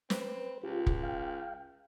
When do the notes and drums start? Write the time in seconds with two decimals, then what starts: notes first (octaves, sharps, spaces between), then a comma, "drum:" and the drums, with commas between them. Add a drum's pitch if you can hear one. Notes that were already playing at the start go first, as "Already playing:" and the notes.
0.10 C4 B4, drum: snare
0.63 C#2 F4 G4
0.87 drum: kick
1.03 F5 G5